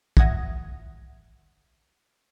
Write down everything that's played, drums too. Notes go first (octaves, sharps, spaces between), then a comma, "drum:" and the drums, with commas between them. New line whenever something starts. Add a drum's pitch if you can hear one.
E5 F#5 D#6 G#6 A#6, drum: kick